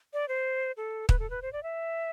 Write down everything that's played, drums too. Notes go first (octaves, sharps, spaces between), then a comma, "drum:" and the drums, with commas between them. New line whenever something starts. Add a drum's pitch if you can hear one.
D5
C5
A4
B4, drum: kick
A4
B4
C5
D5
E5